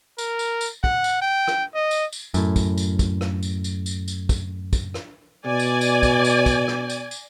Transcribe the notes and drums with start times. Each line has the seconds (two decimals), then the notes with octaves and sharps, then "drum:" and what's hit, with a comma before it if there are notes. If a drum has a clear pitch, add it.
0.18 A#4, drum: tambourine
0.39 drum: tambourine
0.61 drum: tambourine
0.84 F#5, drum: kick
1.04 drum: tambourine
1.22 G5
1.47 drum: rim click
1.75 D#5
1.91 drum: tambourine
2.13 drum: tambourine
2.34 F#2 A2, drum: tambourine
2.56 drum: kick, tambourine
2.78 drum: tambourine
2.99 drum: kick, tambourine
3.21 drum: rim click
3.43 drum: tambourine
3.64 drum: tambourine
3.86 drum: tambourine
4.08 drum: tambourine
4.29 drum: kick, tambourine
4.73 drum: kick, tambourine
4.94 drum: rim click
5.45 B2 D5 G#5
5.59 drum: tambourine
5.81 drum: tambourine
6.03 drum: kick, tambourine
6.24 drum: tambourine
6.46 drum: kick, tambourine
6.68 drum: rim click
6.90 drum: tambourine
7.11 drum: tambourine